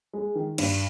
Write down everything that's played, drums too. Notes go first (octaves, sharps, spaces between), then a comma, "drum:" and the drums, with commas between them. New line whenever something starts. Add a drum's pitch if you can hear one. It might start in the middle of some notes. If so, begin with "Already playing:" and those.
G#3
D#3
G2, drum: cymbal